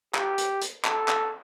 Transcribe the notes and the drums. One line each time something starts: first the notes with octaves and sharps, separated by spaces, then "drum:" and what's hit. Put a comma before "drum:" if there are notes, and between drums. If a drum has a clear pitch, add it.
G4, drum: clap
drum: hi-hat
drum: hi-hat
A4, drum: clap
drum: clap